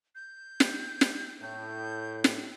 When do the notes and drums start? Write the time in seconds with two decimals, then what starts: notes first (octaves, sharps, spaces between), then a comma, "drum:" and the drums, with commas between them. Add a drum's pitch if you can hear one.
0.15 G6
0.60 drum: snare
1.01 drum: snare
1.42 A2 G6
2.24 drum: snare